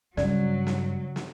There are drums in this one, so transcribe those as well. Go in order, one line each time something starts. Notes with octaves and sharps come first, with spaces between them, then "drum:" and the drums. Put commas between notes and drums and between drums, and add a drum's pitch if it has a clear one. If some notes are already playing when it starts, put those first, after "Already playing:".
G2 C#3 F#3 D5, drum: snare
drum: snare
drum: snare